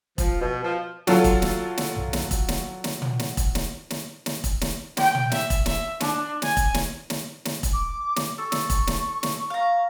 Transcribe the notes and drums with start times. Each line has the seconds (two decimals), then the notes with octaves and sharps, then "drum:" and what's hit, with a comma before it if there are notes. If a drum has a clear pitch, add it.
0.18 F3, drum: kick E1, hi-hat
0.40 B2
0.62 F3
1.07 F#3 F4 A4, drum: snare
1.24 drum: kick E1, hi-hat
1.42 drum: snare
1.78 drum: snare
1.95 drum: tom
2.13 drum: snare
2.31 drum: kick E1, hi-hat
2.48 drum: snare
2.84 drum: snare
3.02 drum: tom
3.19 drum: snare
3.37 drum: kick E1, hi-hat
3.55 drum: snare
3.90 drum: snare
4.26 drum: snare
4.44 drum: kick E1, hi-hat
4.61 drum: snare
4.97 G5, drum: snare
5.15 drum: tom
5.32 E5, drum: snare
5.50 drum: kick E1, hi-hat
5.66 E5, drum: snare
6.00 D4, drum: snare
6.42 G#5, drum: snare
6.57 drum: kick E1, hi-hat
6.74 drum: snare
7.10 drum: snare
7.45 drum: snare
7.63 drum: kick E1, hi-hat
7.73 D6
8.16 drum: snare
8.38 A4 C#6
8.52 drum: snare
8.70 drum: kick E1, hi-hat
8.87 drum: snare
9.23 drum: snare
9.50 F5 A#5